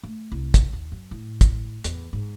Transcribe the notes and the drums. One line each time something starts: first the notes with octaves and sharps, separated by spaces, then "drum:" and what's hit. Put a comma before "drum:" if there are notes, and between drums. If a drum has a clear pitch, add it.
A3
C2
drum: kick, hi-hat
D#2
F#2
A2
drum: kick, hi-hat
E2, drum: hi-hat
G#2